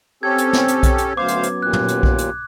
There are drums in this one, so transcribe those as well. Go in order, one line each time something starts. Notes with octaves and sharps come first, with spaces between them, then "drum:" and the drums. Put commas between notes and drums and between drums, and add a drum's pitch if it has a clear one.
C4 C#4 G4 A4 G#6
drum: hi-hat
drum: snare
drum: hi-hat
drum: kick B1, hi-hat
drum: hi-hat
D2 F#3 B3 C#4 C5 F5 D6
drum: hi-hat
drum: hi-hat
D#2 A#2 F#6
drum: tom
drum: hi-hat
drum: kick B1
drum: hi-hat